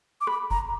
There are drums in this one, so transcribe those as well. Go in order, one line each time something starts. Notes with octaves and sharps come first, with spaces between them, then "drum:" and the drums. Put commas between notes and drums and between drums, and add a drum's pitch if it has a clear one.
D6
B5, drum: rim click
A#5, drum: kick F1